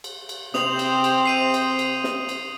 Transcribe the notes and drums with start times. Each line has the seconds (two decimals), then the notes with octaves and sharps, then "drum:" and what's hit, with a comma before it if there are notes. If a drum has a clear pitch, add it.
0.04 drum: cymbal
0.29 drum: cymbal
0.54 C3 C4 C5 D#6 F7 F#7, drum: snare
0.79 drum: cymbal
1.04 drum: cymbal
1.26 C7 D#7 F7
1.54 drum: cymbal
1.79 drum: cymbal
2.04 drum: snare
2.29 drum: cymbal